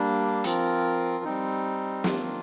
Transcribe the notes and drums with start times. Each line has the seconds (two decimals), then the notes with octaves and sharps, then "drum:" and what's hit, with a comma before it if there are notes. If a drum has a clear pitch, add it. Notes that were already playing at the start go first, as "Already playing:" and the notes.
Already playing: G3 A#3 D4
0.44 F3 C4 F4 A#4, drum: hi-hat
1.24 G3 C4 D#4
2.04 D#3 A#3 D4 F4, drum: snare